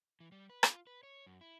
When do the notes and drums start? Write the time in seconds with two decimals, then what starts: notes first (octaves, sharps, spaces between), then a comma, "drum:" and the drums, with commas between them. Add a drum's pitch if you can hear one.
0.20 E3
0.32 G3
0.50 B4
0.63 F4, drum: rim click
0.87 B4
1.03 C#5
1.27 F#2
1.41 E4